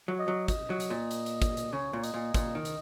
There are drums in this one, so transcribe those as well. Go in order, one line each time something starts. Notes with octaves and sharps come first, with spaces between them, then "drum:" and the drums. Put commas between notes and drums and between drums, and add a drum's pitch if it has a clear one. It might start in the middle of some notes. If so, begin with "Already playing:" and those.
F#3
D#5
F#3
D#5, drum: kick, hi-hat
F#3
drum: hi-hat
A#2
drum: hi-hat
drum: hi-hat
drum: kick, hi-hat
drum: hi-hat
C#3 C#5
A#2
D#5, drum: hi-hat
A#2
A#2, drum: kick, hi-hat
D#3
drum: hi-hat